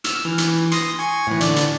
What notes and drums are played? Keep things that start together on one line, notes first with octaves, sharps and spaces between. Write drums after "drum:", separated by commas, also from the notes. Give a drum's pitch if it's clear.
E6 F6, drum: hi-hat
E3
drum: hi-hat
C6 D#6 A#6, drum: hi-hat
G#5 C#6
A2 E3
D3 D5, drum: hi-hat
drum: hi-hat